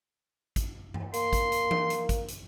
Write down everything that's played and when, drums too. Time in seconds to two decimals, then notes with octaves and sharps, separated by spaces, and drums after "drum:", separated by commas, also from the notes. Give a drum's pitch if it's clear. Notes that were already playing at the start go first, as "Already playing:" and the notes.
0.56 drum: kick G#1, hi-hat
0.94 drum: tom G2
1.13 A#3 C6, drum: hi-hat
1.33 drum: kick G#1, hi-hat
1.52 drum: hi-hat
1.71 drum: tom E3
1.90 drum: hi-hat
2.09 drum: kick G#1, hi-hat
2.28 drum: hi-hat